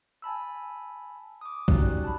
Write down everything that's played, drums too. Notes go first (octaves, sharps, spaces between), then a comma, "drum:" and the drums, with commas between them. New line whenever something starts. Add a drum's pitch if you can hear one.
G#5 A5 B5 E6
D6 D#6
C#4 D#4 F#4 G4 D5 F#6, drum: kick
A5 B5